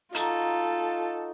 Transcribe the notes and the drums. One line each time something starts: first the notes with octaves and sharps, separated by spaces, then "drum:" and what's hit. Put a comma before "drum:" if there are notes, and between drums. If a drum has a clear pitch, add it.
D#4 F4 F#4 A4, drum: hi-hat